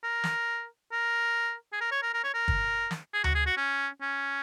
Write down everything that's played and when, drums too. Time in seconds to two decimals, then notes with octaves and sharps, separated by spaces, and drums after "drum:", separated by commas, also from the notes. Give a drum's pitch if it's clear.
0.04 A#4
0.24 drum: snare
0.92 A#4
1.73 G#4
1.81 A#4
1.91 C#5
2.03 A#4
2.14 A#4
2.24 C#5
2.34 A#4
2.48 drum: kick
2.91 drum: snare
3.13 G#4
3.24 F#4, drum: tom D2
3.35 G#4
3.46 F#4
3.57 C#4
4.01 C#4